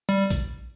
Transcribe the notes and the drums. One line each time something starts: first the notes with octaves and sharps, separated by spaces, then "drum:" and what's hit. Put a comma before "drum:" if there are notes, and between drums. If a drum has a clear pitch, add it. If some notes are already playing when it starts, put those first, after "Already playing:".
G3
drum: kick, hi-hat